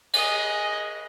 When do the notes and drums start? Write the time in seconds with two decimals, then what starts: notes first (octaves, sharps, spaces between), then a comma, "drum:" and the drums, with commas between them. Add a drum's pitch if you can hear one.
0.13 G#4 D#5, drum: cymbal